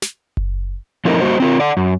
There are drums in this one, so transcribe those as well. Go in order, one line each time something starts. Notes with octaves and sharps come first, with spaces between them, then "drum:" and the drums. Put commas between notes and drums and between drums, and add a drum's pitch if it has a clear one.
drum: snare
drum: kick F#1
F3 A3 C4 D#4 E4 A#4
G3 A#3 F#4 C5 D#5
C4 F4 A#4
D5 F#5
F#2